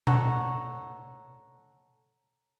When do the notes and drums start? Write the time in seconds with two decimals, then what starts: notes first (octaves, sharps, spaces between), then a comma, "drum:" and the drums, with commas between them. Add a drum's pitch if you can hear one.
0.07 A4 C#5 F#5 A#5, drum: tom B2